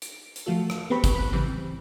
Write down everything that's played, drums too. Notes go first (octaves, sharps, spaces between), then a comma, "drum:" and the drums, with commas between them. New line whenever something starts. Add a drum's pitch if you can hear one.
D7, drum: hi-hat
drum: hi-hat
F3 A3 F4 F#4 A4
drum: rim click
B3 C4 G4 B4 B5 C#6
drum: kick, hi-hat
B5 F#6
C#3 E3 G3 C4